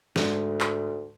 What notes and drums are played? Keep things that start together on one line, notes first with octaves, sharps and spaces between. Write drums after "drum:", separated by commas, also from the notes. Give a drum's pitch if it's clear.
D2 G#2 D3, drum: snare
drum: clap